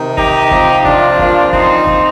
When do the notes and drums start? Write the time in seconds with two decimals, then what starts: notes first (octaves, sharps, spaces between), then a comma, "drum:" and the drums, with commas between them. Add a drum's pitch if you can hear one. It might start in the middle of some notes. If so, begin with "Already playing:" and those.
Already playing: C3 D#3
0.17 D#4 G4, drum: kick
0.51 C3 F3, drum: kick
0.85 D4 F4, drum: kick
1.19 A#2 F3, drum: kick
1.53 C4 D#4, drum: kick
1.87 drum: kick